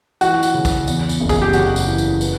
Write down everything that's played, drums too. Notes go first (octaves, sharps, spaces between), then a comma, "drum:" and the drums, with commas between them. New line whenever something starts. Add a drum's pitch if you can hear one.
E3 F#4, drum: tambourine
drum: tambourine
C#3
drum: kick B1, tambourine
E2, drum: tambourine
drum: tambourine
F#1
G#4, drum: kick B1, tambourine
G4
C#3 F#4, drum: tambourine
drum: tambourine
E3
drum: tambourine
B3, drum: tambourine